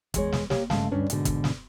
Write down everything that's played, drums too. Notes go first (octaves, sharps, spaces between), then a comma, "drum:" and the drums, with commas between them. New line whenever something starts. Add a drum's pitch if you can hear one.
E2 G#3 C#5, drum: kick, hi-hat
drum: snare
A#3 G4 C#5, drum: snare
G2 C#3 G#3 A3 F5 A5, drum: snare
D2 G2 C#4 D4 B4
G#2 B2 D3, drum: hi-hat
drum: kick, hi-hat
drum: snare